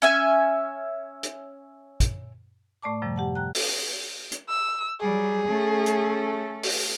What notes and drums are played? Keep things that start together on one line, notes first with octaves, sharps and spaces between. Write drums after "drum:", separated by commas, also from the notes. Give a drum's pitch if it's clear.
C#4 E5 G#5
drum: hi-hat
drum: kick, hi-hat
A2 A3 D5 A5 D6
F#2 C3 F3 G3
G4 F#5 A5
G5 A#5 F#6
drum: open hi-hat
drum: hi-hat
E6
F#3 G3 G#4
A3 C#4 A4
drum: hi-hat
drum: open hi-hat